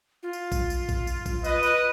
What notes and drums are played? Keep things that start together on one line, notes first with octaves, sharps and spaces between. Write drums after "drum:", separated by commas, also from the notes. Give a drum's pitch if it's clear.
F4
drum: tambourine
drum: kick A#1, tambourine
drum: tambourine
drum: kick A#1, tambourine
drum: tambourine
drum: kick A#1, tambourine
B4 D#5, drum: tambourine
drum: tambourine